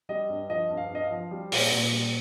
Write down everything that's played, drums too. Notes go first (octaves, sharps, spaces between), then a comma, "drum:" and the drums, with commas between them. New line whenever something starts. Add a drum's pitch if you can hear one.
G3 D#5
G2
F3 D#5
G2
F5
G2 D#5
F5
F3
G3
A#2, drum: open hi-hat
A#2
G3